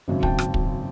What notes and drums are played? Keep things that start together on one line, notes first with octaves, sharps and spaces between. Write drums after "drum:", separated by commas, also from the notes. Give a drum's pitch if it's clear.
G#1 F#2 C#3
G5 A5, drum: kick
drum: rim click
drum: kick